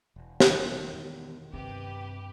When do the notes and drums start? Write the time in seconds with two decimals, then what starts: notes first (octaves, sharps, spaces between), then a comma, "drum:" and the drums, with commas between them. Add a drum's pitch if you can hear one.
0.16 E1
0.40 drum: snare
0.50 D#3
0.93 E2 B2
1.53 G2 C3 G4 B4